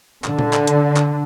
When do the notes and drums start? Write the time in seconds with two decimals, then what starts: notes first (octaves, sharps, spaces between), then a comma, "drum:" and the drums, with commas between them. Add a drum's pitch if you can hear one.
0.24 D3, drum: clap
0.39 drum: tom A#2
0.53 drum: clap
0.67 drum: hi-hat
0.96 drum: clap